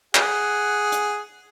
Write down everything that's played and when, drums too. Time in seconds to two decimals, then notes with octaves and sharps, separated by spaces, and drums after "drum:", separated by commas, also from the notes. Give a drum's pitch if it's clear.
0.15 G#4 F#5, drum: clap
0.92 drum: hi-hat